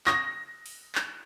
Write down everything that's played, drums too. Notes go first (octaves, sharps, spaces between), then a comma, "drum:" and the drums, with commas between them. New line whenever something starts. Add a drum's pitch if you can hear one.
C#6 D#6 A#6, drum: clap
drum: open hi-hat
drum: clap